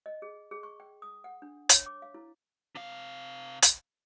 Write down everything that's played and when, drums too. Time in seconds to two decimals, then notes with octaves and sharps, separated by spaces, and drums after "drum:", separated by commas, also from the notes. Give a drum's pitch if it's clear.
0.06 D#5
0.22 G#4
0.51 G#4
0.63 C#6
0.80 G5
1.02 D#6
1.24 F#5
1.42 D4
1.69 C#5, drum: hi-hat
1.86 D6
2.02 F5
2.14 E4
2.75 C3 F5
3.62 drum: hi-hat